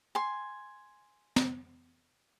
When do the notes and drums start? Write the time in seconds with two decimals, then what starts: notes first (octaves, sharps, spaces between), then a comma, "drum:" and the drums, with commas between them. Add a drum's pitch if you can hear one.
0.15 G#5 C6
1.36 drum: snare